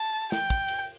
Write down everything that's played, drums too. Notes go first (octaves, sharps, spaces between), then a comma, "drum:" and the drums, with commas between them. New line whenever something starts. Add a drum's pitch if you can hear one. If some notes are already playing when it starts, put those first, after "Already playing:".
Already playing: A5
G5, drum: snare
drum: kick
drum: cymbal